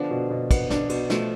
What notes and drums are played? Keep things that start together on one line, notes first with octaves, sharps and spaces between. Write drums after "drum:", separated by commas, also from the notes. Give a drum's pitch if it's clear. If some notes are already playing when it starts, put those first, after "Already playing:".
Already playing: D3 F3 B3 D4
B2
B2
B3, drum: kick, cymbal
D4, drum: snare
B2, drum: cymbal
F3 A3, drum: snare